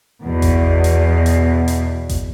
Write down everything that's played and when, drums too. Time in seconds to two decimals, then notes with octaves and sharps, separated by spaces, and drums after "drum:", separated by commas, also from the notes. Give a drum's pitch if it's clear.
0.21 E2 B2
0.42 drum: kick G#1, hi-hat
0.84 drum: hi-hat
1.26 drum: hi-hat
1.68 drum: hi-hat
2.09 drum: kick G#1, hi-hat